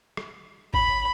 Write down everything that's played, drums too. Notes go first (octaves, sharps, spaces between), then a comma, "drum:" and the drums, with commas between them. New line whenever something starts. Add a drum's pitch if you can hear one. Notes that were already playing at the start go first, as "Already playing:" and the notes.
drum: rim click
B5, drum: kick G#1